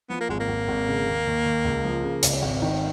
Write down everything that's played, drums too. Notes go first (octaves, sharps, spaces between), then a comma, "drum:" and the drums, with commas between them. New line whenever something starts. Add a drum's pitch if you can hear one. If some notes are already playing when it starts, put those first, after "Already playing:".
F3 B3
A#3
G#1 G#3
A#3
G#1
G#1
C#3
D#2
D#2
D#2
C#2
F3
C#3
C#2, drum: hi-hat
G#1
D#3